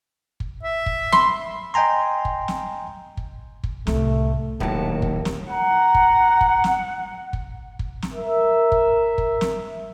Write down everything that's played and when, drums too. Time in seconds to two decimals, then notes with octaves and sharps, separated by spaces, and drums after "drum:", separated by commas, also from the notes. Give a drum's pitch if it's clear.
0.40 drum: kick
0.63 E5
0.86 drum: kick
1.12 B5 C6, drum: snare
1.74 D#5 G5 G#5 A#5 C6
2.25 drum: kick
2.48 drum: snare
3.17 drum: kick
3.64 drum: kick
3.87 C2 A2 A3, drum: snare
4.60 D#1 D#2 A2 F#3 A5
5.02 drum: kick
5.25 drum: snare
5.51 F#5 A#5
5.95 drum: kick
6.41 drum: kick
6.64 drum: snare
7.33 drum: kick
7.79 drum: kick
8.02 drum: snare
8.14 A#4 E5
8.72 drum: kick
9.18 drum: kick
9.41 drum: snare